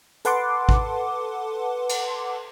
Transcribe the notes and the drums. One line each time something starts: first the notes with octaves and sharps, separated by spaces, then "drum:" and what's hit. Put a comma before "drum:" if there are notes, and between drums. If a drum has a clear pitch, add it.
A4 B4 F#5 A5 C6 D6, drum: hi-hat
drum: kick A1
drum: cymbal